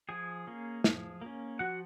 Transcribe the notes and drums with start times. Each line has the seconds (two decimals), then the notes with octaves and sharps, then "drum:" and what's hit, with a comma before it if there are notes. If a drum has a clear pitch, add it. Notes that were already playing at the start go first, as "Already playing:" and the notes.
0.09 F3 G#4 G#5
0.47 A#3 C#4
0.84 F3, drum: snare
1.22 A#3 C#4
1.59 F3 F#4 F#5